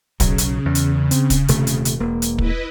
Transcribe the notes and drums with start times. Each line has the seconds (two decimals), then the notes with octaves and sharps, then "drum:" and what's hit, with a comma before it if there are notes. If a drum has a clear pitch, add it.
0.20 B1 C#3 F#3, drum: kick, hi-hat
0.38 drum: hi-hat
0.65 E2
0.75 drum: hi-hat
1.11 C4, drum: hi-hat
1.30 drum: kick, hi-hat
1.48 D#1 C3 A3, drum: hi-hat
1.67 drum: hi-hat
1.85 drum: hi-hat
2.00 E1 A#3
2.22 drum: hi-hat
2.38 E4 B4 D#5, drum: kick